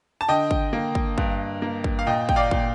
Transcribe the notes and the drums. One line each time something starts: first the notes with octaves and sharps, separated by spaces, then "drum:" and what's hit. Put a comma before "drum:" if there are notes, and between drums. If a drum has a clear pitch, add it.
A5
D3 D#5 G5
drum: kick
A#3
drum: kick
G2, drum: kick
A#3
drum: kick
F5
A#2 D#5 G5
G5, drum: kick
D5 F5
A#2, drum: kick